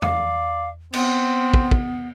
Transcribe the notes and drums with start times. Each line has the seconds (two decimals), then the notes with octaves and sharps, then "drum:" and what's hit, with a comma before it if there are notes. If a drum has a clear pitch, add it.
0.02 D5 F5, drum: tom E2
0.94 B3 C4, drum: cymbal
1.54 drum: kick
1.71 drum: kick